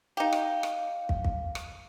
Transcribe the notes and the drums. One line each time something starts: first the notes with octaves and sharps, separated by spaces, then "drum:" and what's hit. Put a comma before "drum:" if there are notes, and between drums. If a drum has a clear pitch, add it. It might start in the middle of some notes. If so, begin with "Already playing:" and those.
D#4 G4 F5
drum: rim click
drum: rim click
drum: kick
drum: kick
drum: rim click